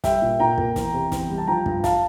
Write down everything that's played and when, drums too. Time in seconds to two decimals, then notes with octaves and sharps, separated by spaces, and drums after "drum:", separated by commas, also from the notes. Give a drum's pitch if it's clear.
0.04 G3 E5 G5, drum: snare
0.22 A#2
0.39 A#2 G5 A#5
0.58 A#3, drum: kick
0.76 E2, drum: snare
0.93 C3
1.12 E2, drum: snare
1.29 G3
1.38 A5
1.47 F3 G5 A#5
1.66 G2, drum: kick
1.84 F5 A5, drum: snare